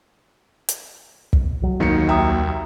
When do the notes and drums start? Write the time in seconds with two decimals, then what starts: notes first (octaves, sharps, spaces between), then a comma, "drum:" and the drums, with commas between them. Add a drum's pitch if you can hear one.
0.69 drum: hi-hat
1.33 drum: kick
1.62 C2 F#3
1.80 G#1 D#2 D#3 C#7
2.09 E5 G5 A#5 D#6